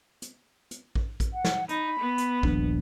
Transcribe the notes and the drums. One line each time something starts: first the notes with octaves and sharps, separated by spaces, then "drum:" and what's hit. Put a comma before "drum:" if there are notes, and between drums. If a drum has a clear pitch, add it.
drum: hi-hat
drum: hi-hat
drum: kick A1
drum: kick A1, hi-hat
F#5
drum: snare
D#4 B5, drum: hi-hat
B3
drum: hi-hat
D#1 A#1 D4, drum: kick A1